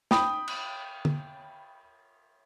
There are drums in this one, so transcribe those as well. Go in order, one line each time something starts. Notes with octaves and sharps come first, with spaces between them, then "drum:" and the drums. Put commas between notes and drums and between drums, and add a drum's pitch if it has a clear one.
G5 B5 D#6, drum: snare
drum: cymbal
drum: tom